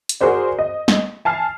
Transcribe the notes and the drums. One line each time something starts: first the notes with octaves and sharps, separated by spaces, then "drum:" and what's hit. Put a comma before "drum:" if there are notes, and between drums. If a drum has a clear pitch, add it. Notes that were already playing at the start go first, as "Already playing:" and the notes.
drum: hi-hat
F#4 G#4 A#4 C5 D5
D#5
drum: snare
G#5 A5 F6 C7